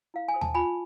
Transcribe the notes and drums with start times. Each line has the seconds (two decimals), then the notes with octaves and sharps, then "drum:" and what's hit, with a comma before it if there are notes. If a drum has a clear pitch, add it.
0.14 E4 F5
0.28 G#5
0.34 A4 C5
0.41 A5, drum: tom D#2
0.54 F4 G#5 B5